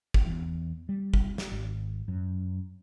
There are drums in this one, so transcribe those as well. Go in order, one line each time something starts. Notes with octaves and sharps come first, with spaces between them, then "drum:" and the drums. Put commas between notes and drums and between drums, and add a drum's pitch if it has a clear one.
drum: kick
E2
G3
drum: kick
drum: snare
G#1
F#2